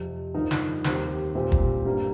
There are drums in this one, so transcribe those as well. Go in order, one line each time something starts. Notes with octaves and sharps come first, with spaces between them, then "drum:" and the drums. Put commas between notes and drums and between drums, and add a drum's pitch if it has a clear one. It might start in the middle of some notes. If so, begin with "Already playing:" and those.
Already playing: F2 C3 F3
G2 F3 D#4 A#4
drum: snare
D#2 D#3 C4 G4 A#4, drum: snare
A#2 G3 C4 G4
drum: kick
G2 G3 A#3